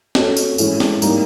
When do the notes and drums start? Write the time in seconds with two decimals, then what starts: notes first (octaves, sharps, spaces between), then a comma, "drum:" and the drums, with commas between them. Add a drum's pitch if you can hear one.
0.15 A3 C#4 F#4, drum: snare
0.37 drum: tambourine
0.58 A2 E3 G#3 C#4, drum: tambourine
0.80 drum: snare
1.02 G3 A#3 D#4, drum: tambourine